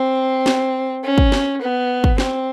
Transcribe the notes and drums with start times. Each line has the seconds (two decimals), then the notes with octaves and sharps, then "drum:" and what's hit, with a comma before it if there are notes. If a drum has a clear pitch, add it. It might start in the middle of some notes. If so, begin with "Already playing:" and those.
Already playing: C4
0.46 drum: snare
1.04 C#4
1.18 drum: kick
1.32 drum: snare
1.61 B3
2.04 drum: kick
2.18 C4, drum: snare